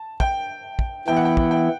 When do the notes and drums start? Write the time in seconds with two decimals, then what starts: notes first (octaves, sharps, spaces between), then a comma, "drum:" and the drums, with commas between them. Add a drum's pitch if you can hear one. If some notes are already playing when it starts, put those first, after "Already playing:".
Already playing: A5
0.20 G5, drum: kick
0.79 drum: kick
1.08 E3 B3 E4 G5
1.17 F#5
1.25 G5
1.37 drum: kick
1.51 G5